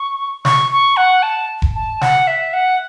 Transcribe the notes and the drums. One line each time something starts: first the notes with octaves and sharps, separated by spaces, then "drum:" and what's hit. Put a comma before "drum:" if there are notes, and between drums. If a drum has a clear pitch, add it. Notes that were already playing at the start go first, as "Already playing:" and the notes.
Already playing: C#6
C#6, drum: snare
C#6
F#5
A5
drum: kick E1
A5
F#5, drum: snare
E5
F#5